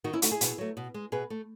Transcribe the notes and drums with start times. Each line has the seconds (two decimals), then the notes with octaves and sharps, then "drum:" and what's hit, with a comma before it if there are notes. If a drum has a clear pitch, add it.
0.04 D#3 D#4 F#4
0.13 C#4 E4
0.22 A3 D#4 F#4, drum: hi-hat
0.31 E4 G#4
0.41 B2, drum: hi-hat
0.58 F#3 A3
0.77 B2
0.94 G#3
1.12 B2 G#4 B4
1.30 A3